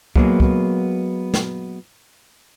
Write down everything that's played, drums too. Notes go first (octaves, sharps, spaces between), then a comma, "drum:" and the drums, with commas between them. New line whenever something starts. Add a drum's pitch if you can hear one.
F#3 G#3 A#3 B3, drum: kick
drum: kick
drum: snare